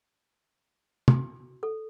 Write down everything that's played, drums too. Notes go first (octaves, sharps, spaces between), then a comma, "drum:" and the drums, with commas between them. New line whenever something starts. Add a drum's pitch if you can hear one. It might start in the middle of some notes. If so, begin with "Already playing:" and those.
F#4, drum: tom
A4